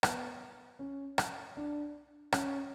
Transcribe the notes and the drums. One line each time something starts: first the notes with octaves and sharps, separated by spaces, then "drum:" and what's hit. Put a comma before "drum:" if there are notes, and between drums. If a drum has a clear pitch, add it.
B3, drum: rim click
C#4
drum: rim click
D4
C#4, drum: rim click